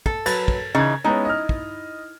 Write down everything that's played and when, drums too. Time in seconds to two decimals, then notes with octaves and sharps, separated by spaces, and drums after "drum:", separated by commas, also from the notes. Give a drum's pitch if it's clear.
0.06 A4, drum: kick
0.26 F#3 B4 A6, drum: cymbal
0.48 drum: kick
0.75 C#3 E3 D#4 G#6 A6
1.04 G#3 B3 C#4 D#4 E4
1.25 D#5 F6
1.49 drum: kick